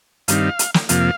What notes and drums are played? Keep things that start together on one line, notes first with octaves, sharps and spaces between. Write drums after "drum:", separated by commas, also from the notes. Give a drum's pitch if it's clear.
G2 D#3 G3 C4 D#4 F5, drum: hi-hat
drum: hi-hat
drum: snare
F2 C3 F3 A#3 F5, drum: hi-hat